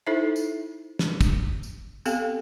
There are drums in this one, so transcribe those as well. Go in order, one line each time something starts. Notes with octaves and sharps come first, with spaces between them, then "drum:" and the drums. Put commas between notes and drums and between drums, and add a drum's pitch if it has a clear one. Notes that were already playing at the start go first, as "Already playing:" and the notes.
D#4 E4 A4 C5 E5
drum: tambourine
drum: snare
drum: kick, tambourine
drum: tambourine
B3 C4 G4 A4 F5 G5, drum: tambourine